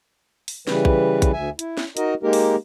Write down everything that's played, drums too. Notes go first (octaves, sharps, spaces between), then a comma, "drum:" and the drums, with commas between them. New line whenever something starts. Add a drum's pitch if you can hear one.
drum: open hi-hat
C#3 E3 G3 B4, drum: snare
drum: kick A#1
drum: kick A#1, hi-hat
D2 E5 G#5
E4, drum: hi-hat
drum: snare
D#4 F#4 A#4 D#5, drum: hi-hat
G#3 A#3 D#4 G4 A#4
drum: open hi-hat